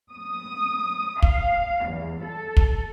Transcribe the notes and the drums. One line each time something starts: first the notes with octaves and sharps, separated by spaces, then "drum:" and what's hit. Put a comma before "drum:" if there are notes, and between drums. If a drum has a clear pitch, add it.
D#6
F5, drum: kick
E2
A4
drum: kick